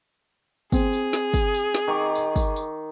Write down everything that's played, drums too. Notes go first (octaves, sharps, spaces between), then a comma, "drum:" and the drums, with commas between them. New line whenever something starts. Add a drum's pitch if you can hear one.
C4 G#4, drum: kick, tambourine
drum: tambourine
drum: snare
drum: kick, tambourine
drum: tambourine
drum: snare
D#3 C#6 D6
drum: tambourine
drum: kick, tambourine
drum: tambourine